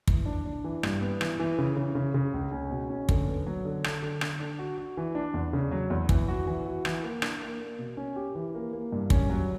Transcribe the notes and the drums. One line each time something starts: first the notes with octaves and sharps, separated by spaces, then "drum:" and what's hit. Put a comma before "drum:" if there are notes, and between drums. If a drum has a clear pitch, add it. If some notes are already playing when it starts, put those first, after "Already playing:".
E3, drum: kick
D4
D4
E3
G2, drum: rim click
B3
E3, drum: rim click
E3
C#3
C#3
C#3
C#3
C#2
C#4
B2
C#4
D3, drum: kick
B3
F#3
D3
D4, drum: rim click
D3
D3, drum: rim click
D4
F#4
F#4
E3
D4
E2
C#3
F#3
E2
E3, drum: kick
F#4
E3
F#4
E3, drum: rim click
A#3
D4, drum: rim click
A#3
A#3
B2
C#4
G4
E3
A#3
A#3
G2
C#4, drum: kick
F#3